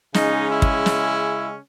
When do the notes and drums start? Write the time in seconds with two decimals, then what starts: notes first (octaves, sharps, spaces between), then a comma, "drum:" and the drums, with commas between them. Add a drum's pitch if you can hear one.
0.14 C#3 G#3 C#4 D#4, drum: snare
0.50 E4
0.62 drum: kick
0.86 drum: snare